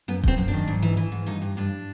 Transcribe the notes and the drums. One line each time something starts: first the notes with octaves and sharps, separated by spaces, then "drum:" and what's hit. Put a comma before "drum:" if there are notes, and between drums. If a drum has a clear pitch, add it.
F#2 B3
F#2 C4, drum: kick D#1
F#2
D4
D#3
G#2
E3
E3
G#2
G2 D#4
G2
G2 D4